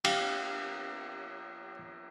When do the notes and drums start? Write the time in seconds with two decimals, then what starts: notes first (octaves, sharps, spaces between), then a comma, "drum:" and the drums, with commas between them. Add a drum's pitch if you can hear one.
0.04 G4 F5, drum: cymbal